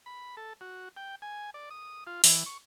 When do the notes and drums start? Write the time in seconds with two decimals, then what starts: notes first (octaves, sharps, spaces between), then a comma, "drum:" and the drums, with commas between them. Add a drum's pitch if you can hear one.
0.06 B5
0.37 A4
0.61 F#4
0.97 G5
1.22 G#5
1.54 D5
1.70 D#6
2.07 F4
2.24 E3, drum: open hi-hat
2.46 C#6